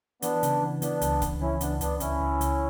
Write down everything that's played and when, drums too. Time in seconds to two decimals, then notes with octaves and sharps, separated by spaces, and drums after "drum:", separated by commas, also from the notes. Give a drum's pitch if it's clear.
0.22 E3 B3 D4, drum: hi-hat
0.43 C#3, drum: hi-hat
0.63 E3
0.82 E3 B3 D4, drum: hi-hat
1.01 C#2, drum: hi-hat
1.22 C#3, drum: kick C#1, hi-hat
1.41 E3 C#4 E4
1.61 C#2 B3 D4, drum: hi-hat
1.81 C#2 B3 D4, drum: hi-hat
2.00 C#2 C#4 E4, drum: hi-hat
2.21 C#2
2.41 C#2, drum: hi-hat